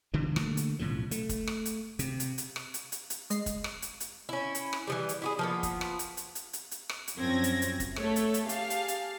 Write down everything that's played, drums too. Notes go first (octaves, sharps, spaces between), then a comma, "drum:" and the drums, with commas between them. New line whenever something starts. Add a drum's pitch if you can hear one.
E1 D3 E3 G3
D3 A3 A#3, drum: rim click
drum: hi-hat
B1 A2 C#3 F3
A3, drum: hi-hat
drum: kick, hi-hat
drum: rim click
drum: hi-hat
C3, drum: hi-hat
drum: hi-hat
drum: hi-hat
drum: rim click
drum: hi-hat
drum: hi-hat
drum: hi-hat
G#3 D#5 C7, drum: hi-hat
drum: kick, hi-hat
drum: rim click
drum: hi-hat
drum: hi-hat
C#4 E4
drum: hi-hat
drum: rim click
E3 F3 G3
drum: hi-hat
E4 F#4 G#4
F3 A#3 B3
drum: kick, hi-hat
drum: rim click
drum: hi-hat
drum: hi-hat
drum: hi-hat
drum: hi-hat
drum: hi-hat
drum: rim click
drum: hi-hat
F#2 F3 C4 C#4 G#6 A#6
drum: hi-hat
drum: hi-hat
drum: kick, hi-hat
A3 A4 C#5 E5, drum: rim click
drum: hi-hat
drum: hi-hat
G4 G#4 F5 A5, drum: hi-hat
drum: hi-hat
drum: hi-hat